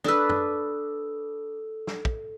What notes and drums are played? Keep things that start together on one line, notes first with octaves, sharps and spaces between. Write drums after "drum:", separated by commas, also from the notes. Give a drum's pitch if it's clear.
D4 A4 B4 D#6 E6, drum: snare
drum: tom F#2
drum: snare
drum: kick